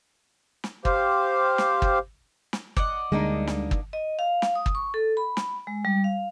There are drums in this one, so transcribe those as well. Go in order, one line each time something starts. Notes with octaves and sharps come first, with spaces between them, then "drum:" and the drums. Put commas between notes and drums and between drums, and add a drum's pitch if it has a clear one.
drum: snare
G4 C5 F5, drum: kick
drum: snare
drum: kick
drum: snare
D5 D#5 F#5, drum: kick
D2 D3 G3 G#3 A#3 D4 D#4
drum: snare
drum: kick
D#5
F5
drum: snare
D#6
drum: kick
C#6
A4
B5
drum: snare
G#3
G3
F5